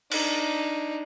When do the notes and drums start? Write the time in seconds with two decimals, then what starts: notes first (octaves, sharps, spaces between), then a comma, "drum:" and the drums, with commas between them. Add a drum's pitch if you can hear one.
0.11 D4 D#4, drum: cymbal